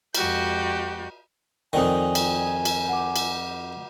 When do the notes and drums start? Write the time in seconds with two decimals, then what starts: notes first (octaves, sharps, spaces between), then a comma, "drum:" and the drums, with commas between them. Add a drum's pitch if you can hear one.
0.15 F2 G#3 F#4 G4 G6, drum: cymbal
1.73 F2 D#3 D5 G5 G#5 D#6
2.15 drum: cymbal
2.65 drum: cymbal
2.89 F#5 D6
3.16 drum: cymbal